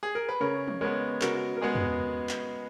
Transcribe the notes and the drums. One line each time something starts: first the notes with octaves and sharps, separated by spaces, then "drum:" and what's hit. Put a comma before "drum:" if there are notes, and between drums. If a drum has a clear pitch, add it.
G#4
A#4
B4
C#3 A#4 C#5
drum: tom
G#3 B3 A#4 C#5
C#3 F#4 A#4, drum: clap
A#4
G#3 B3 G#4
drum: tom
drum: clap